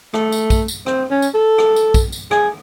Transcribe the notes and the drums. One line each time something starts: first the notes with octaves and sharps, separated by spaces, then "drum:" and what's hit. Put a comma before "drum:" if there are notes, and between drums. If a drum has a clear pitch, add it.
A3, drum: rim click
drum: tambourine
drum: kick, tambourine
drum: tambourine
C4, drum: rim click
C#4
drum: tambourine
A4
drum: rim click
drum: tambourine
drum: kick, tambourine
drum: tambourine
G#4, drum: rim click